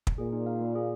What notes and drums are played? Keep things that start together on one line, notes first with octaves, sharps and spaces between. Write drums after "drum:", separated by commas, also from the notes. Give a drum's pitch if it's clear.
drum: kick
A#2 G#4
D#4
F5
A#3
G#4